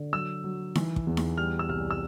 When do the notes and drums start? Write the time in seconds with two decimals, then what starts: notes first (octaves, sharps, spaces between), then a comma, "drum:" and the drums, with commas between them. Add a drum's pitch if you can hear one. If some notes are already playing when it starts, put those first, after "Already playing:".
Already playing: D3
0.13 F#3 E6
0.44 F#3
0.75 E3, drum: snare D#4
0.96 drum: kick
1.07 E2
1.17 drum: snare D#4
1.37 G3 F6
1.59 E6
1.69 C2 F6
1.91 E6